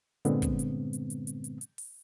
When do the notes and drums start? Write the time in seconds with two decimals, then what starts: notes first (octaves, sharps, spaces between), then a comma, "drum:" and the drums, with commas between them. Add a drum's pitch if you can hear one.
0.25 G2 A#2 D3 G#3 B3 C4, drum: hi-hat
0.42 drum: kick, hi-hat
0.59 drum: hi-hat
0.93 drum: hi-hat
1.10 drum: hi-hat
1.27 drum: hi-hat
1.44 drum: hi-hat
1.61 drum: hi-hat
1.78 drum: open hi-hat